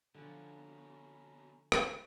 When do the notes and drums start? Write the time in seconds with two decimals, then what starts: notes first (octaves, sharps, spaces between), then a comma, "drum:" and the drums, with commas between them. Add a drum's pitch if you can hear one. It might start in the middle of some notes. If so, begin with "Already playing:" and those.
0.15 D2 B2 D3 F3 C#4 A#5
1.72 drum: rim click